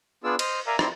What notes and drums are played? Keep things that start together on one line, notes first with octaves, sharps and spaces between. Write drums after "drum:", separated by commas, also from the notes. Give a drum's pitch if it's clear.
B3 D4 F4 G#4 D5 E6
C5 D#5 F6, drum: cymbal
A#4 D5 E5 F5 G#5 A#5
C4 E4 D5 A#5 C6, drum: rim click